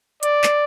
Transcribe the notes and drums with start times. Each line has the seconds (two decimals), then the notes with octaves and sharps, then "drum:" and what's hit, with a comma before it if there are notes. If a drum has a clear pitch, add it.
0.23 D5, drum: hi-hat
0.44 drum: clap